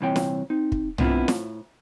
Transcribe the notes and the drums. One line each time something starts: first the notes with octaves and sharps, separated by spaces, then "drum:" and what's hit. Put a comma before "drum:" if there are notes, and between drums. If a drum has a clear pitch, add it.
C2 A#2 E3 C4 C#5 G5
drum: snare
C4 D#4
drum: kick
A3 B3 C4 D4 E4 F4, drum: tom
A2, drum: snare